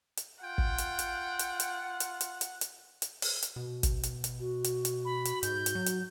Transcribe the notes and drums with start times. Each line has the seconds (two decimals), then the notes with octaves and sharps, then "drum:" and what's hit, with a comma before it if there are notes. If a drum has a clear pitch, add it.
0.17 drum: hi-hat
0.44 F4 F#5 G5
0.58 drum: kick
0.78 drum: hi-hat
0.99 drum: hi-hat
1.39 drum: hi-hat
1.60 drum: hi-hat
2.00 drum: hi-hat
2.21 drum: hi-hat
2.41 drum: hi-hat
2.61 drum: hi-hat
3.02 drum: hi-hat
3.22 drum: open hi-hat
3.43 drum: hi-hat
3.56 B2
3.83 drum: kick, hi-hat
4.03 drum: hi-hat
4.24 drum: hi-hat
4.40 F#4
4.64 drum: hi-hat
4.85 drum: hi-hat
5.05 B5
5.25 drum: hi-hat
5.43 G#2 G6, drum: hi-hat
5.66 drum: hi-hat
5.75 F#3
5.86 drum: hi-hat